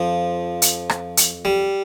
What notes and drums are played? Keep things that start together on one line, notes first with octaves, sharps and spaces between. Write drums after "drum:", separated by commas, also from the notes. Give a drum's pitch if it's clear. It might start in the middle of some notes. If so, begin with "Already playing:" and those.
Already playing: F2 F3
drum: hi-hat
drum: rim click
drum: hi-hat
G3